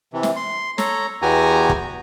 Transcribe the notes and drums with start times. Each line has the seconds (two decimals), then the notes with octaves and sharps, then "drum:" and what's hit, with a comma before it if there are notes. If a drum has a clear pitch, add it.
0.13 C3 E3
0.23 drum: snare
0.36 C6
0.78 A4 C#5 A#5, drum: snare
1.22 E2 B3 F#4 G4 G#5 A#5
1.70 drum: kick